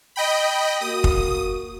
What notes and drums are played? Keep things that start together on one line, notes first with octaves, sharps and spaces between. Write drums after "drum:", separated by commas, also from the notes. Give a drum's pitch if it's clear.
D#5 G5 B5
A#3 F#4 D#6
drum: kick